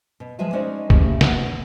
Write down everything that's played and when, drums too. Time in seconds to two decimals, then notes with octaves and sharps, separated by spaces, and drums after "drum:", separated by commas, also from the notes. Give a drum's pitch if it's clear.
0.20 B2
0.39 F3 G#3 B4 E5 G#5 A5
0.53 G#3 C#4 D#4 C5 D5
0.90 A3 A#3 C#4 E4 G4 G#4, drum: kick
1.21 E2 A2 B3 A4 E5 F#5, drum: snare